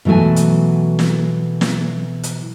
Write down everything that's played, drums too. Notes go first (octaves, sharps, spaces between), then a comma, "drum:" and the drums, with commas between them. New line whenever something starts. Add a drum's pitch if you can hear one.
B2 E3 F#3 A3 G#5
drum: hi-hat
drum: snare
drum: snare
drum: hi-hat